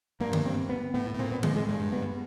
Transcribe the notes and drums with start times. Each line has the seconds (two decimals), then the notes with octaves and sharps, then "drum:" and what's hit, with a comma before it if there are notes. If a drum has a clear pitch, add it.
0.20 G2 A#3
0.33 drum: tom D3
0.46 C4
0.69 B3
0.94 A2 B3
1.14 A2
1.19 A#2 C4
1.32 B3
1.43 A2 G#3, drum: tom D3
1.56 G#3
1.68 G2 G#3
1.92 B3